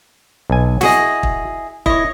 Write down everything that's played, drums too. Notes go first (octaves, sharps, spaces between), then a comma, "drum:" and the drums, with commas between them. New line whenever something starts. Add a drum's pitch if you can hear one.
B1 G#5
E4 F#4 G#4 D#5, drum: snare
drum: kick
E4 C#5 D#5, drum: kick